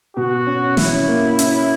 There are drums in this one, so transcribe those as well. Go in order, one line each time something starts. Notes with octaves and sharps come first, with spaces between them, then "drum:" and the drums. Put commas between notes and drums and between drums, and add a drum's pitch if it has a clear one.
B2 F#4
C#4
C#4 E4, drum: snare
A#3
C#4, drum: hi-hat